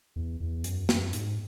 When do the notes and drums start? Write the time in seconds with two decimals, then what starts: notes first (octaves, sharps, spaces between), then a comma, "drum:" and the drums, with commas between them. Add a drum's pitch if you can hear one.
0.16 E2
0.40 E2
0.64 F#2, drum: hi-hat
0.89 F#2, drum: snare
1.13 G#2, drum: hi-hat